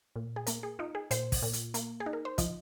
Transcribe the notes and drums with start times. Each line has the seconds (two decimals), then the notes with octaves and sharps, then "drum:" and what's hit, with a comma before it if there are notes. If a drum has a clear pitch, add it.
0.16 A#2
0.36 G#4
0.47 A#3 A#4, drum: hi-hat
0.63 G#4
0.79 D#4 F4
0.95 G#4
1.11 A#2 C5, drum: hi-hat
1.32 drum: kick, open hi-hat
1.42 A#2
1.53 drum: hi-hat
1.74 A#3, drum: hi-hat
2.00 G#4
2.06 D#4
2.13 A#4
2.25 C5
2.38 F3 D#5, drum: kick, hi-hat